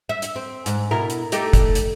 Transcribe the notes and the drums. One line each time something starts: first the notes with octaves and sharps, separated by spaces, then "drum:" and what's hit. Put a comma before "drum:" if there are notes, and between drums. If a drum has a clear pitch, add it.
E5
drum: hi-hat
C4
G#2, drum: hi-hat
B2 E4 A#4
drum: hi-hat
A3 D#4 G4, drum: hi-hat
drum: kick, hi-hat
drum: hi-hat